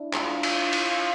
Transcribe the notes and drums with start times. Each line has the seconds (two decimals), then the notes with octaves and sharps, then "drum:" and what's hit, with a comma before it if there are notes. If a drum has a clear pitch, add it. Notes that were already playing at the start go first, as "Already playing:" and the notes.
Already playing: D4 E4
0.13 F4, drum: clap
0.43 drum: cymbal
0.73 drum: cymbal